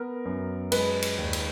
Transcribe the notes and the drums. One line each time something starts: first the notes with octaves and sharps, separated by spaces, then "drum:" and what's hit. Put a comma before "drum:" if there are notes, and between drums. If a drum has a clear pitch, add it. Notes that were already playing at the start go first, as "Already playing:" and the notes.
Already playing: B3 A#4
F#2
G#3 B4, drum: cymbal
drum: cymbal
D#2
drum: cymbal